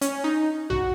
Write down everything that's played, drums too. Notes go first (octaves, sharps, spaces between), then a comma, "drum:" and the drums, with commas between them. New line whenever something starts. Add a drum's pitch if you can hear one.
C#4, drum: hi-hat
D#4
F#4, drum: tom A#1